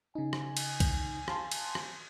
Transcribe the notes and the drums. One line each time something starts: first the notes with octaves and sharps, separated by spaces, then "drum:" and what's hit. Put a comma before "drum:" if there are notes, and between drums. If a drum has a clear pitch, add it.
C#3 D#4 G#5
drum: rim click
drum: cymbal
drum: kick B1, cymbal
F5 A5 C6, drum: rim click
drum: cymbal
drum: rim click